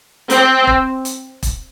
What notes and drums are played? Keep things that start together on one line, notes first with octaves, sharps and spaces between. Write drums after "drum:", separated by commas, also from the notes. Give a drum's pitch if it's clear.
C4, drum: hi-hat
drum: kick E1
drum: hi-hat
drum: kick E1, hi-hat